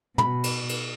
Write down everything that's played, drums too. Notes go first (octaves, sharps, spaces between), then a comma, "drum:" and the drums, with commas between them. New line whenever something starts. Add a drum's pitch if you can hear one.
B2 B5, drum: tom
drum: cymbal
drum: cymbal